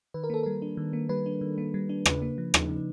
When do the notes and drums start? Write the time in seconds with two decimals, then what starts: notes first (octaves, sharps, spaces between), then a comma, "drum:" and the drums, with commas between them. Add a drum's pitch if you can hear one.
0.14 D#3 B4
0.24 A#4
0.30 A#3 A4
0.43 G3 A#4
0.62 D4
0.77 D#3
0.93 A#3
1.09 G3 B4
1.26 D4
1.41 D#3
1.58 A#3
1.74 G3
1.89 D4
2.05 C#3 B4, drum: rim click
2.22 A#3
2.38 F3
2.54 D#4, drum: rim click
2.69 C#3